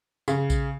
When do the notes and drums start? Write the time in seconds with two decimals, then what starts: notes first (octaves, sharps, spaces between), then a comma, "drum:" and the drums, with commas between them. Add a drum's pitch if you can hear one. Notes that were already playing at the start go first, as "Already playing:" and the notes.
0.28 C#3, drum: tambourine
0.50 drum: kick A#1, tambourine